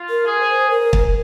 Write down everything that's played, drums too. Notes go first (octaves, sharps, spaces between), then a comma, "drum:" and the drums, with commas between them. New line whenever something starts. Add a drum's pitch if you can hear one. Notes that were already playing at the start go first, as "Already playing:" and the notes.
Already playing: F4
A#4
G#4
C5
A#4
drum: kick